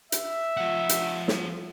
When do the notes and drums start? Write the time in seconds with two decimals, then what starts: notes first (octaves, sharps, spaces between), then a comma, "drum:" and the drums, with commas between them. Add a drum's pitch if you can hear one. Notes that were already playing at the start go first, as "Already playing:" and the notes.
0.12 E5, drum: hi-hat
0.57 F3 F#5
0.89 drum: hi-hat
1.28 drum: snare